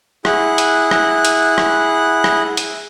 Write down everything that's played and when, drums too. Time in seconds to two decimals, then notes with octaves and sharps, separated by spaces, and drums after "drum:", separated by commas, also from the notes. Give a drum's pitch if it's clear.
0.25 E4 G#4 F#5 F#6, drum: rim click
0.58 drum: hi-hat
0.91 drum: rim click
1.25 drum: hi-hat
1.58 drum: rim click
2.24 drum: rim click
2.57 drum: hi-hat